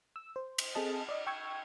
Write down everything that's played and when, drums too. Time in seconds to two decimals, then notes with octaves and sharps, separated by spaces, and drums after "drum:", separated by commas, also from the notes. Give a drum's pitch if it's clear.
0.16 E6
0.36 C5
0.58 drum: cymbal
0.75 C4 G#4 A4 D#5 A5
1.09 D5 D#5
1.27 G5 C#6 E6 G#6